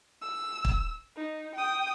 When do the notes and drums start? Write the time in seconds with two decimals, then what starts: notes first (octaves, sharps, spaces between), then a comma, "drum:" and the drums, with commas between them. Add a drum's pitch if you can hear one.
0.21 E6
0.65 drum: kick
1.16 D#4
1.55 G5 D#6